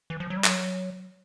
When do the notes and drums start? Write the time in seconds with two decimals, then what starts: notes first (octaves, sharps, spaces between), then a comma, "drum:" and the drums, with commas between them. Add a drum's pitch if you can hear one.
0.10 E3
0.20 F3
0.30 F#3
0.37 G3
0.44 F#3, drum: clap